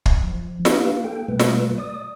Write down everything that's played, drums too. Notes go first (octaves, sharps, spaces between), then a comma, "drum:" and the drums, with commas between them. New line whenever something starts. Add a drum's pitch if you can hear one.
drum: kick
F3
A#3 D4 E4 G4 B4 F5, drum: snare
A#3 A4 G5
B2 G3 A3 A#3 B4
drum: snare
D5 D#6